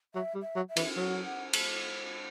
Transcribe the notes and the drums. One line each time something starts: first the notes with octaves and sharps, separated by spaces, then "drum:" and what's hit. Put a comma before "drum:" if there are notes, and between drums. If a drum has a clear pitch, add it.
F#3 E5
G3
E5
F#3
E5
E3, drum: cymbal
F#3 F#5
F#5
drum: cymbal